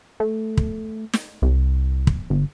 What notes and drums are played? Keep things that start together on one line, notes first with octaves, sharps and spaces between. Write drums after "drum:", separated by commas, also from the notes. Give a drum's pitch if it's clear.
A3
drum: kick
drum: snare
C2
drum: kick
G1